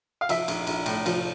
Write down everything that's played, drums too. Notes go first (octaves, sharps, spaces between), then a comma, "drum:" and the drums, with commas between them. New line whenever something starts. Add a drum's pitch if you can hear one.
F5
F3 E5, drum: cymbal
A#1, drum: cymbal
A#1, drum: cymbal
A2, drum: cymbal
F3, drum: cymbal